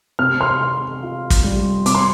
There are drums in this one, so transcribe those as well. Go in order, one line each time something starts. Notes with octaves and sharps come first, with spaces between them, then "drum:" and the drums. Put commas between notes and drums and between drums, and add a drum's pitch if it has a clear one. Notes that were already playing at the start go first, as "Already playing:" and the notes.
C3 F6
C6 F6
C3
F4
drum: kick, hi-hat
G3
C3 D6, drum: hi-hat
C6